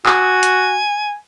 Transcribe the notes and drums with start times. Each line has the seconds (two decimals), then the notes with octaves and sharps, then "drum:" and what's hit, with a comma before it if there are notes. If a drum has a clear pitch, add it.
0.06 F#4 G#5, drum: clap
0.43 drum: hi-hat